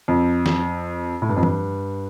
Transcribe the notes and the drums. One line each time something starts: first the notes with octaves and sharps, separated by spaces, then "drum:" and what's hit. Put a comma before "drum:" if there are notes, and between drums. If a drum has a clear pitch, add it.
F2
drum: snare
A2
G2
F2
G2, drum: tom E3